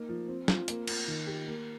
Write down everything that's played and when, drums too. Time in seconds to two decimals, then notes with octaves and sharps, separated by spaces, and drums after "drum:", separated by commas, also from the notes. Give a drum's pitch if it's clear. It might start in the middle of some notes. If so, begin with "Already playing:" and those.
Already playing: A#3 D#4
0.09 F3
0.28 C4
0.48 F4, drum: snare
0.68 A#3, drum: hi-hat
0.88 A#3, drum: cymbal
1.08 D#3
1.27 G4
1.47 A#3